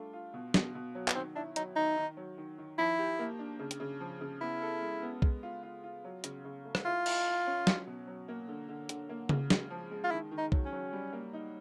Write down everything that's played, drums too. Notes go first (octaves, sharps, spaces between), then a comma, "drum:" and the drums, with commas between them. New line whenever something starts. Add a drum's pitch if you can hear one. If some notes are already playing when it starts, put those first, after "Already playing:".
Already playing: G3 A3 D4 F4
F4
B2
B2, drum: snare
B2
F#3
B3, drum: clap
D#3 C4
D4 E4
F#3 D#4, drum: hi-hat
D#3 D#4
D#3
F#3
D#3
D#3
F3 E4
G4
A#3
D4
C#3
drum: hi-hat
C#3
F3
C#3
B3 E4
A4
G#3
B3
G#3, drum: kick B1
F4
F4
F4
F#3
C#3, drum: hi-hat
C#3
A3
drum: rim click
E4 F4
E4, drum: cymbal
E4
C#4
F#3, drum: snare
B2
F#3
A#3
D3
D3
D3, drum: hi-hat
A#3
C#3, drum: tom C#3
G#3, drum: snare
F3
G#3
F4
D#3 E4
D#3
D#4
F#3, drum: kick B1
C#4
F#3
G3
A#3
D#4